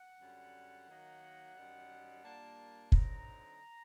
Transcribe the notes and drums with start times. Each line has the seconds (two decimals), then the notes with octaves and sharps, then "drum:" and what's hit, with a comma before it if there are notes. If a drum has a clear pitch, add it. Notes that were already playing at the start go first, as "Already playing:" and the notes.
Already playing: F#5
0.20 F#2 D3 G3
0.88 D#3 F#3 A#3 D#4
1.56 F#2 D#3 G3
2.23 A#2 G3 A#3 D4 A5
2.92 D3 F#3 C4 D#4 A#5, drum: kick